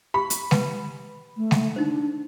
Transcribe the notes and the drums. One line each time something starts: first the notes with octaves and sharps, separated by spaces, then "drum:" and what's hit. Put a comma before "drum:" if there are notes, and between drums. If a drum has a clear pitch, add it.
G4 B5
drum: hi-hat
B4, drum: snare G#3
A3
drum: snare G#3
D4 D#4 C5